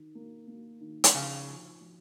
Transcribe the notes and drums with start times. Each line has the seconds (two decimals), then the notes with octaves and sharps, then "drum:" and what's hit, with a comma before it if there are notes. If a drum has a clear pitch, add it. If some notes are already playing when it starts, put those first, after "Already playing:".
Already playing: D#3
0.15 A#3
0.48 A#3
0.81 D#3
1.04 drum: hi-hat
1.14 C#3 F3
1.48 F3
1.81 F3